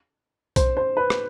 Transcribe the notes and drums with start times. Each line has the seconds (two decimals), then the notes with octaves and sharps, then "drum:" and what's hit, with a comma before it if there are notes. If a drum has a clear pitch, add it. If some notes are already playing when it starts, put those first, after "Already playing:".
0.56 C5, drum: kick B1, hi-hat
0.77 C5
0.97 B4
1.10 drum: rim click